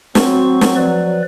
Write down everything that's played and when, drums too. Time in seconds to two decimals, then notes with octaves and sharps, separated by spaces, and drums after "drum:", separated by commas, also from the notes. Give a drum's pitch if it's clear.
0.15 F#3 C4 C#6, drum: snare
0.61 drum: snare
0.76 F3 B4 D5